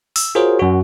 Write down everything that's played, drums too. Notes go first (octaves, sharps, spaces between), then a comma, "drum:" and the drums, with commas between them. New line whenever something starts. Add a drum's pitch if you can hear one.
E6, drum: open hi-hat
F4 F#4 G#4 A#4 C5 C#5
F#2 F#4